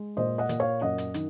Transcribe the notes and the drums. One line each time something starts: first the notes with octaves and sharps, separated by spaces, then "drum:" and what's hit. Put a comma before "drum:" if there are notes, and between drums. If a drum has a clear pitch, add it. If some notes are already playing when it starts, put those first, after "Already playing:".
Already playing: G#3
A#2 C5 D#5
D#5 F#5
A#2, drum: hi-hat
C#5 F5
F#2 D#5 F#5
drum: hi-hat
D#3, drum: hi-hat